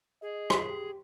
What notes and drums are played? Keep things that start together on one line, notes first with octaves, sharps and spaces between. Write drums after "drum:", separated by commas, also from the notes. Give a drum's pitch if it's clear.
G#4 D#5
drum: rim click
G4